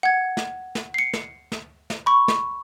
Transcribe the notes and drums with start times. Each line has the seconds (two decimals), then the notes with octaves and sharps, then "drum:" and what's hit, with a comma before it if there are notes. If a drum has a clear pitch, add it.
0.03 F#5 G#6
0.37 drum: snare
0.75 drum: snare
0.94 C7 C#7
1.13 drum: snare
1.52 drum: snare
1.90 drum: snare
2.06 B5 C#6
2.28 drum: snare